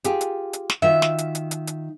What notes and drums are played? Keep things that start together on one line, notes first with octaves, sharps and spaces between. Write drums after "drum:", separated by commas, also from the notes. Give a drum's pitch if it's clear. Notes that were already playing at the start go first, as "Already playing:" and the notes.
F4 G4 G#4, drum: hi-hat
drum: hi-hat
drum: hi-hat
drum: snare
D#3 F4 F#4 E5
drum: snare
drum: hi-hat
drum: hi-hat
drum: hi-hat
drum: hi-hat